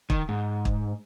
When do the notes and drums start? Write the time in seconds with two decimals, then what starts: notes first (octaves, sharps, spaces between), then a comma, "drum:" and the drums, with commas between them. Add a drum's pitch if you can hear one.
0.10 D#3, drum: kick
0.29 G#2
0.65 drum: kick